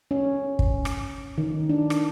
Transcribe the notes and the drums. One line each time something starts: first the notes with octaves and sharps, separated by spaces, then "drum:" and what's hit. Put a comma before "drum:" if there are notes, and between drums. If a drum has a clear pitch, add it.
C#4
drum: kick
drum: rim click
D#3
D4
drum: rim click